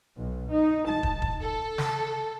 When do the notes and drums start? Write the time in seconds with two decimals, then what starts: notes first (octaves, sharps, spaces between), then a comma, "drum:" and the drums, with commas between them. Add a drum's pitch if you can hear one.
0.16 B1
0.51 D#4
0.88 A5
1.03 drum: kick
1.22 drum: kick
1.41 A4
1.78 drum: snare